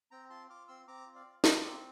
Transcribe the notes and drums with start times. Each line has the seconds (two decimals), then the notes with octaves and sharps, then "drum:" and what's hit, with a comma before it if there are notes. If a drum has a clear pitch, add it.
0.11 C4 G5 A#5
0.30 F4 A5 C6
0.50 F4 D6 F6
0.68 C4 C6 E6
0.88 C4 A#5 D6
1.06 F4
1.15 D5 F5
1.25 F4
1.44 F4, drum: snare
1.63 C4 A#4 D5